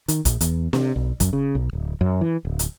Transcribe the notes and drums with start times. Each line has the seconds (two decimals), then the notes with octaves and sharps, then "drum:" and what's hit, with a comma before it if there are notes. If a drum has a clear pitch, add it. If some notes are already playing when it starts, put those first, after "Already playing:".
0.08 D#3, drum: hi-hat
0.25 A#1, drum: kick, hi-hat
0.41 E2, drum: hi-hat
0.73 C3, drum: snare
0.96 B1
1.20 F#2, drum: kick, hi-hat
1.33 C#3
1.55 B1
1.73 D1
2.01 F#2
2.21 E3
2.45 D1
2.59 drum: hi-hat